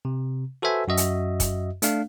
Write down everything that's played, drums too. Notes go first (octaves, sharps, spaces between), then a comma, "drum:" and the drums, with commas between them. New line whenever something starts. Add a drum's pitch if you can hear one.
C3
F#4 A4 B4 C5 E5 G#5
F#2 F#4 D#5 E5
drum: hi-hat
drum: kick F1, hi-hat
A3 D4 F5, drum: hi-hat